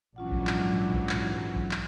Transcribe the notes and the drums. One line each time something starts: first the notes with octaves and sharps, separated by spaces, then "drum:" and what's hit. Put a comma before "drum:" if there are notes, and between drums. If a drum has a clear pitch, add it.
A#1 G#2 E3 F#3 C#4 D4 F4 F#5
drum: kick A#1
drum: clap
drum: kick A#1
drum: clap
drum: kick A#1
drum: clap